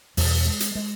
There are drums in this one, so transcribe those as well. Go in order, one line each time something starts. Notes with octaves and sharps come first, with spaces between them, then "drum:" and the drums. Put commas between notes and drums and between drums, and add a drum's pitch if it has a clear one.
E2 B2 G3, drum: open hi-hat
G#3
drum: hi-hat
G#3